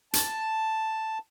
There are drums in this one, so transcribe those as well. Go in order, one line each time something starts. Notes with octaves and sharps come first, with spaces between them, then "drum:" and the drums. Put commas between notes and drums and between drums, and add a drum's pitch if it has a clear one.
A5, drum: hi-hat